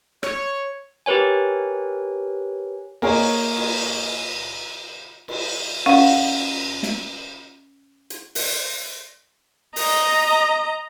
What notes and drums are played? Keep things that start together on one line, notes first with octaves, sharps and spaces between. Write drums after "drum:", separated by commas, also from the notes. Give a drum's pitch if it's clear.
C#5, drum: rim click
G4 A#4 B4 C#5 G#5
A#3 G#4 A#4 C#5 D#5, drum: cymbal
drum: cymbal
drum: cymbal
C#4 F5 F#5, drum: cymbal
drum: snare
drum: hi-hat
drum: open hi-hat
D#5 A#5, drum: open hi-hat